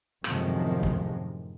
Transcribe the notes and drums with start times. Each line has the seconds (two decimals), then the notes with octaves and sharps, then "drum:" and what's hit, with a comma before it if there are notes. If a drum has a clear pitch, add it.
0.24 F#2 A2 C3 D#3 F3 G#3, drum: rim click
0.83 drum: kick